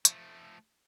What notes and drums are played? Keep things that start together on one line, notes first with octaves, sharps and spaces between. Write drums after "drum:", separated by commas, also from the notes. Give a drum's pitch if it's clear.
F3 A3, drum: hi-hat